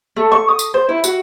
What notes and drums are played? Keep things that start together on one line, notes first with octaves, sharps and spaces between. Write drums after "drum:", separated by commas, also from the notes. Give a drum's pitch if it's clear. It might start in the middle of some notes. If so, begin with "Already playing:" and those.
A3
C#6
D#6
drum: tambourine
C5
E4
F#4, drum: tambourine